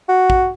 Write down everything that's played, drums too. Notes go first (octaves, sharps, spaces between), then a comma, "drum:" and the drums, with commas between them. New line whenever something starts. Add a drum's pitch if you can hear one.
F#4
drum: kick